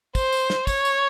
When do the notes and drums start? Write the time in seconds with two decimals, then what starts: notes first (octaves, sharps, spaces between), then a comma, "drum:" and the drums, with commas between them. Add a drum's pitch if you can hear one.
0.15 C5, drum: kick, tambourine
0.32 drum: tambourine
0.50 drum: snare
0.67 C#5, drum: kick, tambourine
0.85 drum: tambourine